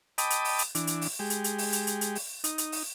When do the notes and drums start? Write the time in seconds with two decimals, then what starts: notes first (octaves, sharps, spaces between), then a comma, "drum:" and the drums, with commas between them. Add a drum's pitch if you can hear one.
0.18 D#5 G5 A5 B5 D6 D#6, drum: hi-hat
0.30 drum: hi-hat
0.45 drum: open hi-hat
0.59 drum: hi-hat
0.75 E3 D4, drum: hi-hat
0.87 drum: hi-hat
1.01 drum: open hi-hat
1.19 G#3 G4
1.30 drum: hi-hat
1.44 drum: hi-hat
1.58 drum: open hi-hat
1.73 drum: hi-hat
1.87 drum: hi-hat
2.01 drum: hi-hat
2.15 drum: open hi-hat
2.44 D#4, drum: hi-hat
2.58 drum: hi-hat
2.72 drum: open hi-hat